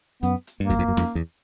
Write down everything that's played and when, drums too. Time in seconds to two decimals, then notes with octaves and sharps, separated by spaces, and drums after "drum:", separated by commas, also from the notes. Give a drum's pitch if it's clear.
0.23 F#2 B3, drum: hi-hat
0.47 drum: hi-hat
0.59 G2 A#3
0.70 F#2, drum: kick F#2, hi-hat
0.79 F2
0.88 F#2
0.97 F2, drum: snare C#4
1.15 E2